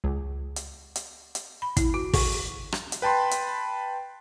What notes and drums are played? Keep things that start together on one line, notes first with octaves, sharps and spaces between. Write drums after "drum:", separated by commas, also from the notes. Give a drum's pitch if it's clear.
C#2
drum: hi-hat
drum: hi-hat
drum: hi-hat
B5
E4, drum: kick, hi-hat
F#4
C#6, drum: kick, open hi-hat
drum: rim click
drum: hi-hat
B4 G5 A5 B5 C6
drum: hi-hat